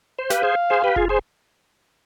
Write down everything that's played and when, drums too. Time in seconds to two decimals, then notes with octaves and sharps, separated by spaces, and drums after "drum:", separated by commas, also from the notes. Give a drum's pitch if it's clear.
0.19 C5
0.30 G4 B4 F5, drum: snare
0.43 G#4 C5
0.70 G#4 C5
0.84 G4 B4
0.96 F4 G#4, drum: kick F1
1.09 G#4 C5